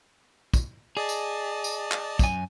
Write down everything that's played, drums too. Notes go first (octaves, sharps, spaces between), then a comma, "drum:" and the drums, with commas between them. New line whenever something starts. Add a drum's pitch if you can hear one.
drum: kick, tambourine
G#4 D5 D#5 A5
drum: tambourine
drum: tambourine
drum: clap
F#2 G#5, drum: kick, tambourine